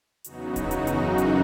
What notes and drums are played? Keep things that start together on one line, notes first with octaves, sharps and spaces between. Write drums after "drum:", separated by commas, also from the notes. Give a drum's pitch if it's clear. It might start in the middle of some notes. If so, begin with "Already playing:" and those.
E2 C#3 F#3 B3 D#4 F#4, drum: hi-hat
drum: kick D1, hi-hat
F#2 C#3 E3 D#4 F#4, drum: hi-hat
drum: hi-hat
drum: hi-hat